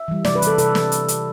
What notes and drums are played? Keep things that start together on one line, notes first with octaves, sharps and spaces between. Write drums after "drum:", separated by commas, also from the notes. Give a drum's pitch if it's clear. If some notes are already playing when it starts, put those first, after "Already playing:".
Already playing: E5
E3 G3
C3 D5, drum: snare
B4
E3 G3 A4, drum: hi-hat
C3 A4, drum: hi-hat
drum: snare
drum: hi-hat
drum: hi-hat